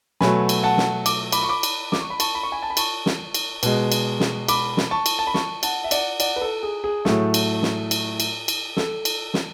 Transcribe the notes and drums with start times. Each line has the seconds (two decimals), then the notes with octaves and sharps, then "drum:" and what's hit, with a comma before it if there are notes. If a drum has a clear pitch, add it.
0.21 B2 F#3 A3 G#5 B5, drum: snare
0.49 drum: cymbal
0.63 F#5 A5
0.78 drum: snare
1.06 D6, drum: cymbal
1.32 B5 D6, drum: cymbal
1.44 C#6
1.49 B5 D6
1.63 drum: cymbal
1.92 D6, drum: snare
2.01 C#6
2.10 B5
2.20 A5 C#6, drum: cymbal
2.35 B5
2.43 C#6
2.52 G#5 B5
2.63 A5
2.70 B5
2.77 A5 C#6, drum: cymbal
3.06 drum: snare
3.34 drum: cymbal
3.63 B2 G#3, drum: cymbal
3.92 drum: cymbal
4.20 drum: snare
4.48 B5 D6, drum: cymbal
4.77 drum: snare
4.91 A5 C#6
5.06 drum: cymbal
5.19 A5
5.27 B5
5.34 A5 C#6, drum: snare
5.63 F#5 A5, drum: cymbal
5.84 E5
5.91 D5 F#5, drum: cymbal
6.20 D5 F#5, drum: cymbal
6.36 B4
6.41 A4
6.63 G#4
6.84 G#4
7.05 A2 F#3 A3, drum: snare
7.34 drum: cymbal
7.63 drum: snare
7.91 drum: cymbal
8.20 drum: cymbal
8.48 drum: cymbal
8.77 A4, drum: snare
9.05 drum: cymbal
9.34 drum: snare